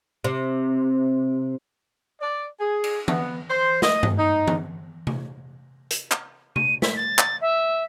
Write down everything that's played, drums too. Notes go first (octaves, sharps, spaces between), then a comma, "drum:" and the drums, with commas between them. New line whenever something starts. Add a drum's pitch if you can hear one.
C3
D5
G#4
drum: cymbal
B3, drum: tom E3
C5
D#5, drum: snare
drum: tom G2
D#4
drum: tom E3
drum: tom C3
drum: hi-hat
drum: clap
D#7, drum: tom C3
B6, drum: snare
A6
drum: clap
E5